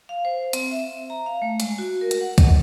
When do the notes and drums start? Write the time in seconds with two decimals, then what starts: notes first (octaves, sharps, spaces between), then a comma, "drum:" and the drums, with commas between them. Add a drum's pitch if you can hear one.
0.09 F5
0.25 C5
0.53 C4, drum: hi-hat
0.71 E5
1.10 A#5
1.26 F5
1.42 A3
1.60 G#3, drum: hi-hat
1.78 F#4
2.01 A#4
2.11 drum: hi-hat
2.21 F#5
2.38 D#5, drum: kick, hi-hat